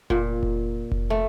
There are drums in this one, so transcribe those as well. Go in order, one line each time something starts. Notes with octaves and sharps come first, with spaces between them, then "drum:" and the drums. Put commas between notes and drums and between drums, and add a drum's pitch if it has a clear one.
A#2, drum: kick F1
drum: kick F1
drum: kick F1
A3